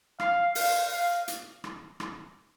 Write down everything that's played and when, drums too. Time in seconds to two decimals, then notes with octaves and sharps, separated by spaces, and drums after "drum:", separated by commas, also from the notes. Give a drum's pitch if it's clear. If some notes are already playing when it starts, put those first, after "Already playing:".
0.20 F5, drum: rim click
0.55 F5, drum: open hi-hat
0.92 F5
1.28 drum: hi-hat
1.64 drum: rim click
2.00 drum: rim click